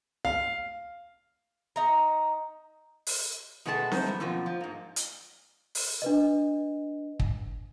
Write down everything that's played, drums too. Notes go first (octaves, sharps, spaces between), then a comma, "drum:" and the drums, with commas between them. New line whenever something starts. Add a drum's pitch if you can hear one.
F5
D#4 A#5
drum: open hi-hat
B2 G#3 A3 B3 A4 A5
D#4 C5, drum: snare C4
E3 B3
F#2 B2 F3 A#3 C4
F3
G#2 A#3
drum: hi-hat
drum: open hi-hat
D4 B4 D#5
drum: kick